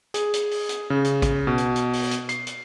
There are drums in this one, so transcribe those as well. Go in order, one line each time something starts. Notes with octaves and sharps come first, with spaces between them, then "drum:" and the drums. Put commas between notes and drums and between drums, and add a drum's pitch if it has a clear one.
G#4, drum: hi-hat
drum: hi-hat
drum: open hi-hat
drum: hi-hat
C#3
drum: hi-hat
drum: kick, hi-hat
B2
drum: hi-hat
drum: hi-hat
drum: open hi-hat
drum: hi-hat
C7, drum: hi-hat
drum: hi-hat